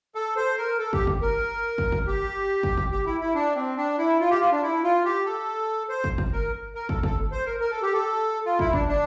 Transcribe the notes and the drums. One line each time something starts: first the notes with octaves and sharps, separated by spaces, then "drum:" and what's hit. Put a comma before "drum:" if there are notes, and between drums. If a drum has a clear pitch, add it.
A4
C5
A#4
A4
G4, drum: kick
drum: kick
A#4
drum: kick
drum: kick
G4
drum: kick
drum: kick
G4
E4
E4
D4
C4
D4
E4
F4
G4
F4
D4
E4
F4
G4
A4
C5
drum: kick
drum: kick
A#4
A#4
A4, drum: kick
A4, drum: kick
C5
A#4
A#4
A4
G4
A4
F4
E4, drum: kick
D4, drum: kick
D4